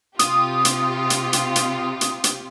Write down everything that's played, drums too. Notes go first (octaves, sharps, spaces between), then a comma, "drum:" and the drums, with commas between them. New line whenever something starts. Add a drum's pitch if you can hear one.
C3 F4 G4 D#6, drum: hi-hat
drum: hi-hat
drum: hi-hat
drum: hi-hat
drum: hi-hat
drum: hi-hat
drum: hi-hat